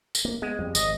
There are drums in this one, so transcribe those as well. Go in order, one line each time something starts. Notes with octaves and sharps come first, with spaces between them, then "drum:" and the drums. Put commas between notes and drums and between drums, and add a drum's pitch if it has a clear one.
drum: tambourine
A#3
G#3 B3
F2 G3
G#1 D#5, drum: tambourine